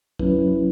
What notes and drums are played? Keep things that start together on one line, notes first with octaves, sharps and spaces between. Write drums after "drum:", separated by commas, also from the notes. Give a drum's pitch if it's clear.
F#3 C#4 E4 B4, drum: kick